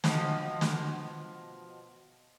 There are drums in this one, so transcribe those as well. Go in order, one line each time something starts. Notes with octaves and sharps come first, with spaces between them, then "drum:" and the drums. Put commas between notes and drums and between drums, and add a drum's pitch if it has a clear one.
B2 F3, drum: snare
drum: snare